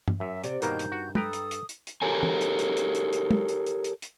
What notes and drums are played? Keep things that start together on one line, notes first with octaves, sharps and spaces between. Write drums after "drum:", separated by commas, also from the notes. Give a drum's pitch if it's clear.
drum: tom G2
F#2 E5
C3 D5, drum: hi-hat
G2 B2 D#3 A#3 D#4 A#4 G6, drum: hi-hat
drum: hi-hat
F#4
A4 B4 G5 A#5 D#6, drum: tom
drum: hi-hat
drum: hi-hat
drum: hi-hat
drum: hi-hat
G4 A4 A#4 C#5 G#5
drum: tom
drum: hi-hat
drum: hi-hat
drum: hi-hat
drum: hi-hat
drum: hi-hat
drum: tom
drum: hi-hat
drum: hi-hat
drum: hi-hat
drum: hi-hat